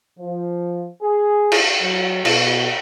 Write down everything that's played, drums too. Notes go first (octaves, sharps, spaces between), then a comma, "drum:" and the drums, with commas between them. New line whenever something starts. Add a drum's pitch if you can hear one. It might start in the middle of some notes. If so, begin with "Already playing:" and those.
F3
G#4
drum: cymbal
F#3
B2, drum: cymbal